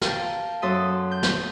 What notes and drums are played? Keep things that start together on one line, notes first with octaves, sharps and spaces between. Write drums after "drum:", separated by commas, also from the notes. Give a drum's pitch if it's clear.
A#4 F5 G5 A5, drum: snare
F#2 A4 E5 C6 D#6
G6
drum: snare